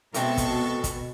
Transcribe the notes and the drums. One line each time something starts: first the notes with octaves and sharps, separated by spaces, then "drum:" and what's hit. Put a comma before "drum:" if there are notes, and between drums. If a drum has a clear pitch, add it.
B2 G#3 A3 C4 A4 C#6, drum: hi-hat
drum: kick, hi-hat
drum: kick, hi-hat